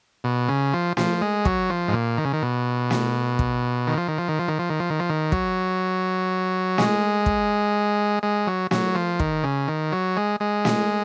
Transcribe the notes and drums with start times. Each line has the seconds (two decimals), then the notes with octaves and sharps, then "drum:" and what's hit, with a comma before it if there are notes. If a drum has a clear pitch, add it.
0.24 B2
0.49 C#3
0.73 F3
0.97 F3, drum: snare
1.21 G#3
1.45 F#3, drum: kick
1.70 F3
1.88 G#2
1.93 A#2
2.18 D#3
2.25 C#3
2.33 D#3
2.42 B2
2.91 drum: snare
3.39 drum: kick
3.87 D#3
3.97 F3
4.08 D#3
4.18 F3
4.29 D#3
4.39 F3
4.48 D#3
4.59 F3
4.70 D#3
4.80 F3
4.90 D#3
5.00 F3
5.10 D#3
5.32 F#3, drum: kick
6.78 G#3, drum: snare
7.26 drum: kick
8.23 G#3
8.47 F#3
8.71 F#3, drum: snare
8.95 F3
9.19 D#3, drum: kick
9.43 C#3
9.68 D#3
9.92 F#3
10.17 G#3
10.40 G#3
10.65 drum: snare